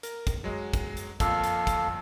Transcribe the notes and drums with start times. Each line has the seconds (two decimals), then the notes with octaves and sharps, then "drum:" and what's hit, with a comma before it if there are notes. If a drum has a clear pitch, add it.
0.03 A#4, drum: hi-hat
0.27 drum: kick, hi-hat
0.44 F#3 G#3
0.73 drum: kick, hi-hat
0.97 drum: hi-hat
1.20 F2 A#2 A4 F5, drum: kick, hi-hat
1.44 drum: hi-hat
1.67 drum: kick, hi-hat